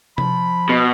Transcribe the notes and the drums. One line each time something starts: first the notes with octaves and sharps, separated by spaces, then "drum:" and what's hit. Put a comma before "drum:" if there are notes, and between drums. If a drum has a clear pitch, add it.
F3 B5, drum: tom C3
B2